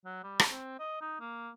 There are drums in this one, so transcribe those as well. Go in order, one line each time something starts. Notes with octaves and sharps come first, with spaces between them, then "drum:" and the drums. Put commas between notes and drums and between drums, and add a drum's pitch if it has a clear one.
F#3
G3
drum: rim click
C4
D#5
D#4
A#3